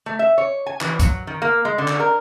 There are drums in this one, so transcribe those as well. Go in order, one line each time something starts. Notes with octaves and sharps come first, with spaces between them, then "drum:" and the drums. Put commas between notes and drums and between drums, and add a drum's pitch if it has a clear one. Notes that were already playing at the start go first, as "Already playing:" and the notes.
A3
E5
C#5
G#5
E3, drum: clap
F#3, drum: kick, hi-hat
D#3
A#3
G#3
D3
drum: clap
A#4